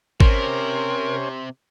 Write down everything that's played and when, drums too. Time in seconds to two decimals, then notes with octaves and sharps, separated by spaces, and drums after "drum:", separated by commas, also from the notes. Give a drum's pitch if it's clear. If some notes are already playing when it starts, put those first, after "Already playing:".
0.20 C3 C#4 A#4 C5, drum: kick